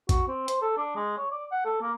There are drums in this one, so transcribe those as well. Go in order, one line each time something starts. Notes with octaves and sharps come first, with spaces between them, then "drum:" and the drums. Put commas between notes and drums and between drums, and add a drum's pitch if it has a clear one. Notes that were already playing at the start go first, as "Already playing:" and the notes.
F#4, drum: kick, hi-hat
C4
C5, drum: hi-hat
A4
D4
G#3
C#5
D5
F#5
A4
A#3